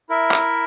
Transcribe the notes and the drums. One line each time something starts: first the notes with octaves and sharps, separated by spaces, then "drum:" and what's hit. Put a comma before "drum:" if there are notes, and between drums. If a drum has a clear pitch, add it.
E4 A#4 E5
drum: clap